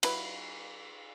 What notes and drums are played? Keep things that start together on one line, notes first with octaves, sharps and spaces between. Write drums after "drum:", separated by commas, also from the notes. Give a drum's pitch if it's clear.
F#3 E4 B4, drum: cymbal